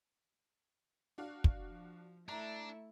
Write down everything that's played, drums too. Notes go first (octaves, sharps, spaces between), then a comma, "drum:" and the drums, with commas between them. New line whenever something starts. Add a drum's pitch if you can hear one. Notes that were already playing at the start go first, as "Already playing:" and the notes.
D4 F#4 F5
drum: kick
F3
A3 D4 E4 A#5